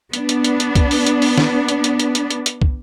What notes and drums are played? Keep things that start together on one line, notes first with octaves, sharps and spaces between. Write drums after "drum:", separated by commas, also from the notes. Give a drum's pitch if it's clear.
B3 D4, drum: hi-hat
drum: hi-hat
drum: hi-hat
drum: hi-hat
drum: kick, hi-hat
drum: open hi-hat
drum: hi-hat
drum: open hi-hat
drum: snare
drum: hi-hat
drum: hi-hat
drum: hi-hat
drum: hi-hat
drum: hi-hat
drum: hi-hat
drum: kick